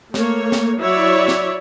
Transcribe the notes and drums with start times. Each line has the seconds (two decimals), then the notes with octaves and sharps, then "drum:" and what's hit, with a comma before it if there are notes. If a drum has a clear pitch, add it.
0.14 A3 A#3 C#5, drum: snare
0.52 drum: snare
0.80 F#3 E4 C#5 D5 E5
1.28 drum: snare